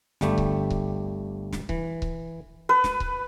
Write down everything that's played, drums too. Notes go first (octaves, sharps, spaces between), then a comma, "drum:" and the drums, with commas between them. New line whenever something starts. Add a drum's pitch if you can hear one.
G1 G3 A3 G4, drum: snare
drum: kick C#1
drum: kick C#1
drum: snare
E3, drum: kick C#1
drum: kick C#1
B4
drum: snare
drum: kick C#1